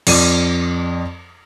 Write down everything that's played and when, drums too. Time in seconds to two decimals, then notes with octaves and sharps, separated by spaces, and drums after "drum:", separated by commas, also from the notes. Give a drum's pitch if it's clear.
0.07 F2 D5 D#7, drum: cymbal